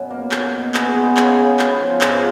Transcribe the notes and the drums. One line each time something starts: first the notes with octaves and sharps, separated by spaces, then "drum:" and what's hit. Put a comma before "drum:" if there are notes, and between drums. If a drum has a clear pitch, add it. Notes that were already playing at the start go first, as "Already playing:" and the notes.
Already playing: F#2 B2
A#3
A#3, drum: clap
B2
B3 G#4, drum: clap
F#4
G#3
D#4
C#3, drum: clap
C#3
B3, drum: clap
F3
G#2 F4, drum: clap